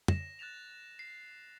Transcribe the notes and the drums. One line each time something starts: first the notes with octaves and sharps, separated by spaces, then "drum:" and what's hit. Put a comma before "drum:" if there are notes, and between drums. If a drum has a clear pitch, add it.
A#6 E7, drum: tom
F#6 A6 A#6 E7 F7
C7